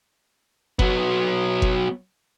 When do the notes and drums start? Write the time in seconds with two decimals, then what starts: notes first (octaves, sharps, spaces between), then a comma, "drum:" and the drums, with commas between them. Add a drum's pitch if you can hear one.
0.79 F#3 B3, drum: kick F#1
1.62 drum: kick F#1